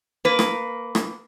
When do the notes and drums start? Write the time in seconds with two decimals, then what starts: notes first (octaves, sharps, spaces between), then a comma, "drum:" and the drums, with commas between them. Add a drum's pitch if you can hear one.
0.25 A#3 B4
0.39 drum: rim click
0.95 drum: rim click